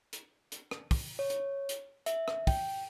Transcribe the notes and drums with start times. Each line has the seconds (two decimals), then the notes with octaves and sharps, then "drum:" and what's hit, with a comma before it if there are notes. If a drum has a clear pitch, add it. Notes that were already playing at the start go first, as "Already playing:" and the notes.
0.13 drum: hi-hat
0.52 drum: hi-hat
0.71 drum: rim click
0.91 drum: kick, open hi-hat
1.19 C#5
1.30 drum: hi-hat
1.69 drum: hi-hat
2.06 E5, drum: hi-hat
2.28 drum: rim click
2.47 G5, drum: kick, open hi-hat